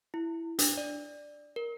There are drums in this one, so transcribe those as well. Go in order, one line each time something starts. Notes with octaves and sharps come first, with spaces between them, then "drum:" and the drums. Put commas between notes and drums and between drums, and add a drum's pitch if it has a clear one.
E4
D4, drum: hi-hat
D5
A#4